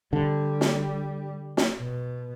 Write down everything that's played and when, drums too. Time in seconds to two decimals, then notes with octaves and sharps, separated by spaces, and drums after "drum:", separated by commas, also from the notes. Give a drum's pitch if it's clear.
0.13 D3 G3
0.61 drum: snare
1.57 drum: snare
1.78 B2